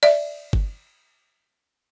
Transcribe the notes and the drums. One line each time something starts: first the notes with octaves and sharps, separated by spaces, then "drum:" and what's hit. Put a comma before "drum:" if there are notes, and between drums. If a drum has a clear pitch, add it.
D5 E5, drum: cymbal
drum: kick G1